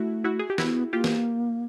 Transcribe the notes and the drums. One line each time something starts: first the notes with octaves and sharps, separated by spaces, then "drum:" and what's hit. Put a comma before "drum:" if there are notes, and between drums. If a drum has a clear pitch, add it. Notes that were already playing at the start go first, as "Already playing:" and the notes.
Already playing: A3 E4 F#4
E4 F#4
G#4
G4
B3 E4 F#4, drum: snare
A#3 F4 G4
drum: snare